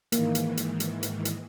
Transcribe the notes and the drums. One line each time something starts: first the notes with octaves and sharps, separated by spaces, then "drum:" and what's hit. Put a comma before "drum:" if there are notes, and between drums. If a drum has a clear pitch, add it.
G#2 D#3 E3 A#3, drum: hi-hat
drum: hi-hat
drum: hi-hat
drum: hi-hat
drum: hi-hat
drum: hi-hat